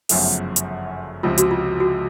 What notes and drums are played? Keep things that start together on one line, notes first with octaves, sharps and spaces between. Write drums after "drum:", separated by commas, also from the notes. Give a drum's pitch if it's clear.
G1 F#2 C#3 F3 A3, drum: open hi-hat
drum: hi-hat
C#2 C3 F3 F4
F#4, drum: hi-hat
F4
F#4